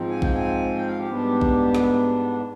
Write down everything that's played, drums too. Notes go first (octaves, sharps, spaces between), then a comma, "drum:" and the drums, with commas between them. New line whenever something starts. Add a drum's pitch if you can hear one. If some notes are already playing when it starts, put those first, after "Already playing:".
Already playing: G#2 F3 C4
G#5
G5, drum: kick A#1
G#5
G5
F5
G4
G#2 G3 B3 D4
drum: kick A#1
drum: snare